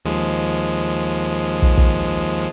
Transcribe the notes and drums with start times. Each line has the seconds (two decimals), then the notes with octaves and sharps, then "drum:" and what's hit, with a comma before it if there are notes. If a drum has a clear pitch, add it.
0.05 D#2 F3 G#3
1.62 drum: kick
1.78 drum: kick